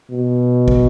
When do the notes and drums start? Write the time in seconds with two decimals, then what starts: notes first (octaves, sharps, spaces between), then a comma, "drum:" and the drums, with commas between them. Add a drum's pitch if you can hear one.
0.11 B2
0.68 drum: kick